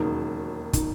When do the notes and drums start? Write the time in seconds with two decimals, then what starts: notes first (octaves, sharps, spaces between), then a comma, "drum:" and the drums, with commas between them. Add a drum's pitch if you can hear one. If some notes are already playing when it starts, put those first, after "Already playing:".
Already playing: E1 D#2 C#3 F#3 A#3 D#4
0.73 D#4, drum: kick, hi-hat